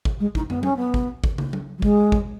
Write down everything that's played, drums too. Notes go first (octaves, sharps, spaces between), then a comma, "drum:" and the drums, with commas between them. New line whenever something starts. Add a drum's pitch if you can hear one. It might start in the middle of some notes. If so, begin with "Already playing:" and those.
drum: kick G#1
G#3
D#4, drum: kick G#1
B3, drum: tom
C#4, drum: tom F#3
B3
drum: kick G#1
drum: kick G#1
drum: tom
drum: tom F#3
F#3
G#3, drum: kick G#1
drum: kick G#1